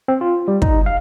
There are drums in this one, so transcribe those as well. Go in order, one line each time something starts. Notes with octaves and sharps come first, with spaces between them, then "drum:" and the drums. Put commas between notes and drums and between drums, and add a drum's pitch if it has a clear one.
C4
F4
G3
D#4, drum: kick
F5